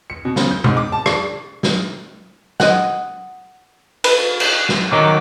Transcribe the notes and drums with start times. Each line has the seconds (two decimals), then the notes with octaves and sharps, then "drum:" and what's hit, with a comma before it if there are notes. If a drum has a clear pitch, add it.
0.10 C#7
0.25 B2
0.36 C#3, drum: snare
0.51 G6
0.64 G#2, drum: tom
0.77 D6
0.92 A5
1.06 D5, drum: rim click
1.63 drum: snare
2.60 D#5 F#5, drum: snare
4.04 B4, drum: cymbal
4.40 drum: cymbal
4.69 drum: snare
4.92 D#3 F#3 D6